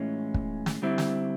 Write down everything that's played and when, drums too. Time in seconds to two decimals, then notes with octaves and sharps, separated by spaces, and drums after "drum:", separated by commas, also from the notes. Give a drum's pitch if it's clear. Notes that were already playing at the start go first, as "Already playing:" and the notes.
Already playing: A2 E3 G#3 C#4 F4
0.34 drum: kick
0.66 drum: snare
0.82 D3 G3 C4 E4
0.98 drum: snare